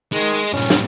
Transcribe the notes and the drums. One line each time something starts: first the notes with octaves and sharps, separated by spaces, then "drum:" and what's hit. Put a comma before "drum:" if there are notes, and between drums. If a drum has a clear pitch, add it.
D#3 G#3
G2 A#2 C#4
drum: snare